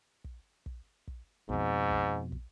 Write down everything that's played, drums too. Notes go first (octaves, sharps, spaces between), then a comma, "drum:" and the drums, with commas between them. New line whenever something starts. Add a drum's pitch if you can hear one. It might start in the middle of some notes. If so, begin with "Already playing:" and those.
drum: kick
drum: kick
drum: kick
F2 G#2 B2, drum: kick
drum: kick
drum: kick